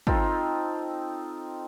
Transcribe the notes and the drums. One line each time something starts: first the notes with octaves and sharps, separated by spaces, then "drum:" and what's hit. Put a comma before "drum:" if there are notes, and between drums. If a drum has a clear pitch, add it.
C4 D#4 F4 A4, drum: kick